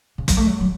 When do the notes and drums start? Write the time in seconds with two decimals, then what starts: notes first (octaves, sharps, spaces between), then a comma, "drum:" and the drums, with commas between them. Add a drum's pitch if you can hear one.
0.18 C#3
0.28 F#3, drum: kick, hi-hat
0.37 A3
0.47 F#3
0.60 F#3